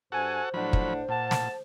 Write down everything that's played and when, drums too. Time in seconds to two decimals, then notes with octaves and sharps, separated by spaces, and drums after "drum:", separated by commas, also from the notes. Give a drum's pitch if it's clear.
0.12 G2 F#4 A4 C5 F#5 G#5
0.54 A2 F3 F#3 D4 F#5 B5
0.73 drum: kick
1.08 A#2 F#5 A5
1.31 drum: snare